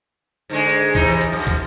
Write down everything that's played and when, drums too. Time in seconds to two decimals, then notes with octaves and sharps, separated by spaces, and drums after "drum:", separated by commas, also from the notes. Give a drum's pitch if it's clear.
0.49 G#2 D3 G#3
0.69 drum: hi-hat
0.95 C3 E3 D#4, drum: kick, hi-hat
1.21 drum: hi-hat
1.32 F2
1.47 drum: kick, hi-hat